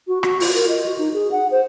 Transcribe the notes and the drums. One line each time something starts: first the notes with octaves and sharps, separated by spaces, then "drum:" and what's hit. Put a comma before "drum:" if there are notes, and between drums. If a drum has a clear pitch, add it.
F#4
F#4, drum: rim click
F4, drum: open hi-hat
A#4
D#5
F#4
D#4
G#4
F#5
C5